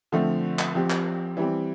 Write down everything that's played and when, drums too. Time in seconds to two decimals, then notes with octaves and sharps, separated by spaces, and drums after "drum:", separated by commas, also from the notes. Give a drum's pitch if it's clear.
0.12 D3 F3 A3 C4
0.59 drum: clap
0.75 F3 C4 G4
0.90 drum: clap
1.37 E3 G3 C4